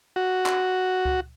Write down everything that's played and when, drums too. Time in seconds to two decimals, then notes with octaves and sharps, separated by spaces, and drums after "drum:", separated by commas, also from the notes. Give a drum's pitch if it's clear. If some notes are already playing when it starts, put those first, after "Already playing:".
0.16 F#4
0.46 drum: clap
1.05 drum: kick C#2